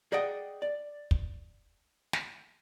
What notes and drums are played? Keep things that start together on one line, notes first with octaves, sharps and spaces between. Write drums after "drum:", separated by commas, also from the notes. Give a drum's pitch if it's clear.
G#4 D5 D#5 F#5 G5
D5
drum: kick
drum: snare